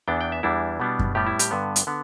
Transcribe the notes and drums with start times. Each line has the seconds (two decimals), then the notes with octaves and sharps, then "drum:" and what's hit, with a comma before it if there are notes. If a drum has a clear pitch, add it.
0.07 E2 E3 B3 D4 G5
0.21 G5
0.32 E5
0.43 E2 E3 G3 D4 E4
0.80 B2 G3 B3 D4
0.99 drum: kick F#2
1.15 A2 G3 B3 G4
1.27 E4
1.39 G4, drum: hi-hat
1.51 G2 D3 B3
1.76 drum: hi-hat
1.87 D3 B3